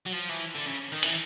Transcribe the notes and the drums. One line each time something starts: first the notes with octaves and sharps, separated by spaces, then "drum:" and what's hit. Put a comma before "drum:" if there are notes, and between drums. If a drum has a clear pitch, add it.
F#3
F3
E3
D3
C#3
D#3
E3, drum: hi-hat